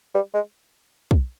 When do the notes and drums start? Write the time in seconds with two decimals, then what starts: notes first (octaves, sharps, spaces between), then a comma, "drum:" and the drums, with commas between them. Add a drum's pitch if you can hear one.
0.14 G3
0.34 G#3
1.11 drum: kick